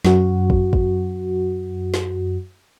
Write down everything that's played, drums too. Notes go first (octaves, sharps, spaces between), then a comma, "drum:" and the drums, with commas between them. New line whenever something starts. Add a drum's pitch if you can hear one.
F#2 F#4, drum: snare
drum: kick
drum: kick
drum: snare